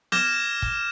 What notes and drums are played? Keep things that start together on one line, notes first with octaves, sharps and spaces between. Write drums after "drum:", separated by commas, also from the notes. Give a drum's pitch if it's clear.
D6 F6 G6 G#6 A#6 E7, drum: snare B3
drum: kick